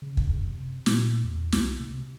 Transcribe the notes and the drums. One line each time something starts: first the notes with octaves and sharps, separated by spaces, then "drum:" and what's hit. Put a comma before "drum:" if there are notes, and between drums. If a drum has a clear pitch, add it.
C#3
drum: kick
F#2
C3
A#2, drum: snare
E2
C2, drum: snare
C3